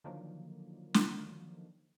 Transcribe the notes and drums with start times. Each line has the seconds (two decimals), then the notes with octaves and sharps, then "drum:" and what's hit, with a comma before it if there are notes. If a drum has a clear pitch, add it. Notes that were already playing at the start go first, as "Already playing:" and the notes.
0.04 D3 D#3 F3 F#3 A#3
0.94 drum: snare